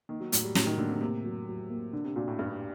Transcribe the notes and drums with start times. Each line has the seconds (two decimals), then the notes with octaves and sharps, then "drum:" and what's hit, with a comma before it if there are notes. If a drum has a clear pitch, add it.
0.09 D#3 A#3
0.20 F#3
0.32 A2 F#3, drum: hi-hat
0.44 G3
0.55 A2 F#3, drum: snare
0.66 D#3
0.78 D3 A#3
0.89 C3
1.01 C3 A#3
1.24 F#3
1.47 F#3
1.70 A#3
1.92 D3 D4
2.04 C3
2.16 A#2 F#4
2.28 A2
2.39 G2 F#4